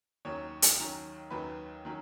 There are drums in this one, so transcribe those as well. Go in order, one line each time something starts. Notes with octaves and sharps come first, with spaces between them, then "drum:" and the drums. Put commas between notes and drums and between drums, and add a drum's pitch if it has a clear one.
D#2 D#3 F#3 C#4 C#5
drum: hi-hat
D#2 D#3 F#3 C#4
D#2 D#3 F#3 C#4 B4
D#3 F#3 C#4